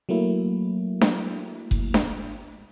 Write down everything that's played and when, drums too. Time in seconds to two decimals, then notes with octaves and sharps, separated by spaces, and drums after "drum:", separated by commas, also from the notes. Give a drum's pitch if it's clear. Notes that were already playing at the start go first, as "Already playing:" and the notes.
0.09 F#3 A3 A#3 E4
1.01 drum: snare D4
1.71 drum: kick F#1
1.94 drum: snare D4